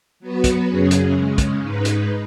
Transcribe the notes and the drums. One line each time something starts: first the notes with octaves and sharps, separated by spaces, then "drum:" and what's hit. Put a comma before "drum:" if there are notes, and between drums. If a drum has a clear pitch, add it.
F#3 B3 F#4 B4
drum: kick, hi-hat
F#2 C#3 F#3 C#4 G#4
drum: hi-hat
C#3 G#3 C#4
drum: kick, hi-hat
G#2 G#3 D#4 B4
drum: hi-hat